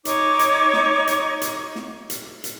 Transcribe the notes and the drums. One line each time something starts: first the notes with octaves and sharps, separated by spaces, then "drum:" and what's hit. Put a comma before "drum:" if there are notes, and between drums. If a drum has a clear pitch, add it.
D#4 C#5 C#6 D6, drum: hi-hat
drum: hi-hat
drum: snare
drum: hi-hat
drum: hi-hat
drum: snare
drum: hi-hat
drum: hi-hat